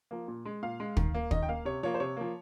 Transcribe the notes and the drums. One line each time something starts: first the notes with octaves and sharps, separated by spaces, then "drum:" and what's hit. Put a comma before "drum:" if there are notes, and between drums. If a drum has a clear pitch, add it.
F3 A#3
A#2
G#3
A#2 F5
G#3
D#3, drum: kick
A#3
D#3 D#5, drum: kick
G5
A#3 F5
C3 C#5
F3 A#3 C#5
C5
C3 C#5
F3 A#3